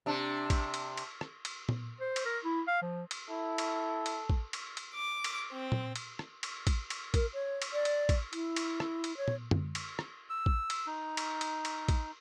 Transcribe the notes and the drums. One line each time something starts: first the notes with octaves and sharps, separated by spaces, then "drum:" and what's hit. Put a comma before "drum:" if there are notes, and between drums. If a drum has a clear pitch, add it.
C3 D4
drum: kick, cymbal
drum: cymbal
drum: cymbal
drum: rim click
drum: cymbal
drum: tom A#2
C5
drum: cymbal
A#4
E4
F5
F3
drum: cymbal
E4 A4
drum: cymbal
drum: cymbal
drum: kick
drum: cymbal
drum: cymbal
D6
drum: cymbal
C4
drum: tom A#2
drum: cymbal
drum: rim click
drum: cymbal
drum: kick, cymbal
drum: cymbal
A#4, drum: kick, cymbal
C#5
drum: cymbal
D5
drum: cymbal
drum: kick, cymbal
E4, drum: cymbal
drum: cymbal
drum: rim click
drum: cymbal
C#5
drum: tom A#2
drum: tom
drum: cymbal
drum: rim click
E6
drum: kick
drum: cymbal
D#4
drum: cymbal
drum: cymbal
drum: cymbal
drum: kick, cymbal